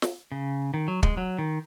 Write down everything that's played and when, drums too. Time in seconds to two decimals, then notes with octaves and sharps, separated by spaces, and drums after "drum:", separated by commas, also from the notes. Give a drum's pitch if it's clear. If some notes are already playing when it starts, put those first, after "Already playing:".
0.02 drum: snare
0.32 C#3
0.74 D#3
0.88 F#3
1.03 G#3, drum: kick
1.17 F#3
1.39 D#3